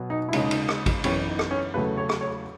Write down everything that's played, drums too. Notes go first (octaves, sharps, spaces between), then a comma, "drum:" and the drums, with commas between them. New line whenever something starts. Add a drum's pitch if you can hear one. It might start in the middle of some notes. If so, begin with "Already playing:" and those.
Already playing: B2 F#3 B3
D#4
E4
D#2 C#3 G#3 D#4, drum: cymbal
drum: cymbal
drum: rim click
drum: kick A1, cymbal
F#2 E3 B3 C#4, drum: cymbal
D#4
drum: rim click
C#4
E2 C#3 F#3 A3 B4
C#5
drum: rim click
C#5